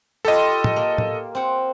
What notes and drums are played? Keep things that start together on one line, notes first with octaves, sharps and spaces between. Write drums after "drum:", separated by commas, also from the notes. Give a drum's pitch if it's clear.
F4 G4 A4 D#5 B5
drum: tom
A#3
drum: tom A2
C4 F#5